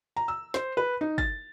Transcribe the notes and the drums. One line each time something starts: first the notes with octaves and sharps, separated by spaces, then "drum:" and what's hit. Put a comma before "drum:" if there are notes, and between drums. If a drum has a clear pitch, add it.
A#5
E6
C5, drum: snare
B4
D#4
A6, drum: kick